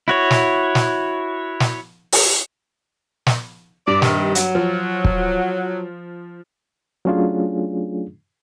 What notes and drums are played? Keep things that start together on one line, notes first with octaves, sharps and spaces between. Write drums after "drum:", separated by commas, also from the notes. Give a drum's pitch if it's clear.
E4 F#4 C#5
drum: snare
drum: snare
drum: snare
drum: open hi-hat
drum: snare
G2 D5
C3 D#3, drum: snare
F#3, drum: hi-hat
F3
drum: kick
F#3 A3 C#4 D4 F4 G#4